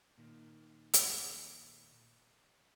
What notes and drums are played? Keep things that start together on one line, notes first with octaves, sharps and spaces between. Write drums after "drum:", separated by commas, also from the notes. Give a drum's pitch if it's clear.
A#2 D#3
drum: hi-hat